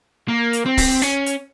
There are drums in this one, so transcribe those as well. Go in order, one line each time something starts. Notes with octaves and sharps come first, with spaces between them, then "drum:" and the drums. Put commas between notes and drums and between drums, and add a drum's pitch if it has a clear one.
A#3
drum: hi-hat
C4
drum: kick, open hi-hat
C#4, drum: hi-hat
drum: hi-hat